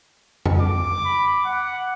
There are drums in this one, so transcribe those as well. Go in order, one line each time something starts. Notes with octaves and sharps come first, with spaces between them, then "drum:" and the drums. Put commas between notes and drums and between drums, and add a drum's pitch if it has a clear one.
drum: tom F2
D6
B5
F#5